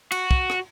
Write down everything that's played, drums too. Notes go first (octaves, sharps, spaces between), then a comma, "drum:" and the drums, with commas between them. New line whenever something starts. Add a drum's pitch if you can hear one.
F#4, drum: cymbal
drum: kick
drum: rim click